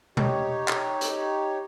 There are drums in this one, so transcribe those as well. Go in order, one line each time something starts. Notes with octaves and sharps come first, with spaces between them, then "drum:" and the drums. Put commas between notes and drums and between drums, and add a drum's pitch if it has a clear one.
D#4 G4 C#5, drum: tom B2
drum: clap
drum: hi-hat